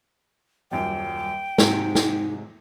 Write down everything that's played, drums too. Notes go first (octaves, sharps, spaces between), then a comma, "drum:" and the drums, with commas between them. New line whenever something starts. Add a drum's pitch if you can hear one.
D#1 F#2 G3 G5
G#2 C3 F#3 D#4, drum: snare
drum: snare